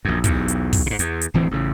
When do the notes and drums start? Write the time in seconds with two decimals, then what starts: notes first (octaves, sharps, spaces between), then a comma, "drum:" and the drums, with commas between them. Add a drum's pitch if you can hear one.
0.05 A#1 F#2
0.24 B1 E2, drum: kick, hi-hat
0.48 drum: hi-hat
0.73 drum: kick, open hi-hat
0.86 G#2 C3
0.99 E2, drum: hi-hat
1.21 drum: hi-hat
1.34 D1 D2 E3 C4
1.51 A1 C#3